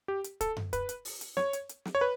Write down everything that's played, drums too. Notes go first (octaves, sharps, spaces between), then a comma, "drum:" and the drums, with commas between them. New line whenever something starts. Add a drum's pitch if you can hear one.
G4
drum: hi-hat
A4, drum: kick, hi-hat
drum: tom F#2
B4, drum: kick, hi-hat
drum: hi-hat
drum: open hi-hat
drum: hi-hat
C#5, drum: snare
drum: hi-hat
drum: hi-hat
drum: snare
C#5
B4